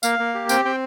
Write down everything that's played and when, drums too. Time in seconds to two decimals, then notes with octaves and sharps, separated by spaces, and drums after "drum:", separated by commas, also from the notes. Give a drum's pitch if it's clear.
0.03 A#3 F5, drum: tambourine
0.19 A#3
0.34 G4
0.49 C4 G5, drum: tambourine
0.65 C4 G5